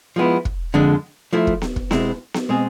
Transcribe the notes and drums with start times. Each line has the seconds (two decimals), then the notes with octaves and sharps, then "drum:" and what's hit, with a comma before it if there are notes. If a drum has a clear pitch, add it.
0.16 F3 G#3 B3 E4
0.45 drum: kick
0.74 F2 D3 G#3 D4
1.33 F3 A3 E4
1.47 drum: kick
1.62 drum: snare B3
1.76 drum: kick
1.91 B2 G#3 C4 E4, drum: snare B3
2.34 drum: snare B3
2.49 B2 G#3 C4 G#4